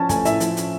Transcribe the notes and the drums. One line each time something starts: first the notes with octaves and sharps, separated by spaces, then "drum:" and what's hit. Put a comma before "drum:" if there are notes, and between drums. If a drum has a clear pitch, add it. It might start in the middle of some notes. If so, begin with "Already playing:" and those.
Already playing: F3 C#4 A5
A3 G#5, drum: kick, hi-hat
A2 E5, drum: hi-hat
F3, drum: hi-hat
C#4, drum: hi-hat